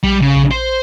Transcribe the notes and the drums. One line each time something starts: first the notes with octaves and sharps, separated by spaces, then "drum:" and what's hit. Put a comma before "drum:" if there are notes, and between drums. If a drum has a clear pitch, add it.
G3, drum: kick A#1
C#3
drum: kick A#1
C5